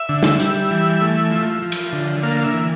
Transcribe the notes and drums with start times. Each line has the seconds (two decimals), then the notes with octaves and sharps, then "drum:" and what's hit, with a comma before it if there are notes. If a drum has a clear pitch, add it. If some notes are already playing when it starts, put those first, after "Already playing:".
Already playing: E5
0.09 D3
0.23 drum: snare
0.40 G3, drum: hi-hat
0.71 E3
1.01 A3
1.31 F3
1.62 F3
1.72 drum: cymbal
1.92 D3
2.23 A#3 F5
2.37 F5
2.44 E5
2.54 E3